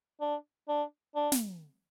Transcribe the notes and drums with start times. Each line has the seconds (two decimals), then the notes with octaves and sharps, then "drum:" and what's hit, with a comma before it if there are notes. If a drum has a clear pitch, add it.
0.21 D4
0.69 D4
1.15 D4
1.32 drum: snare